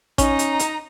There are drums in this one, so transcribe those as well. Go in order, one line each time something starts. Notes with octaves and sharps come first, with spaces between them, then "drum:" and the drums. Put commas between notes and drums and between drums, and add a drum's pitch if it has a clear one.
C#4 D#4 A#5, drum: kick A1, hi-hat
drum: hi-hat
drum: hi-hat